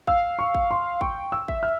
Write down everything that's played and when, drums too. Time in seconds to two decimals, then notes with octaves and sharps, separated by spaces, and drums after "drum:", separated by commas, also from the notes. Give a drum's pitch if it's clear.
0.07 F5 E6, drum: kick
0.39 C#6
0.55 drum: kick
0.71 C6
1.01 G5 C#6, drum: kick
1.32 E6
1.48 E5, drum: kick
1.63 F6